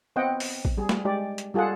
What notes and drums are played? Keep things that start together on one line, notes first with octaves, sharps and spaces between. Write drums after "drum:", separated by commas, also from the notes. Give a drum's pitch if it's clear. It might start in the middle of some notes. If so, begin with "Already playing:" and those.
B3 C4 D#5 F#5 G5
drum: open hi-hat
drum: kick A1
G3 G#4
drum: snare A3
G#3 G4 D5
drum: hi-hat
G3 F4 G#4 A4 F#5